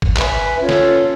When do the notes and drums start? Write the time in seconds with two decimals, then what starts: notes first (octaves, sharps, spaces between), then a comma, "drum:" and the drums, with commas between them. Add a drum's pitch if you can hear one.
0.02 drum: kick
0.16 B4 E5 G#5, drum: clap
0.59 C#4 F4 A4 C#5
0.69 drum: snare